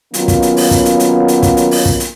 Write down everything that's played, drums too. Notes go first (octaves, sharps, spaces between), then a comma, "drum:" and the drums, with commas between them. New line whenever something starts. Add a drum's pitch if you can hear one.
D#3 F#3 A#3 B3 C#4 F4, drum: hi-hat
drum: kick, hi-hat
drum: hi-hat
drum: open hi-hat
drum: kick, hi-hat
drum: hi-hat
drum: hi-hat
drum: hi-hat
drum: kick, hi-hat
drum: hi-hat
drum: open hi-hat
drum: kick
drum: hi-hat